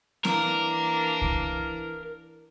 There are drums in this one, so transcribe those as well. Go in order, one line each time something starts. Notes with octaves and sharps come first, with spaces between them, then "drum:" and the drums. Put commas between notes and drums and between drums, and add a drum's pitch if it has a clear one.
E3 A#3 D4 A#4, drum: snare
drum: kick C2